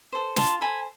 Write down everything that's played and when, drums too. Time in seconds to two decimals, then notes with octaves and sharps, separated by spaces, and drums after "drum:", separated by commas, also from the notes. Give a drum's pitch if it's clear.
0.13 A4 C5
0.36 F4 A5 C6, drum: snare
0.61 A4 C5 G#5 B5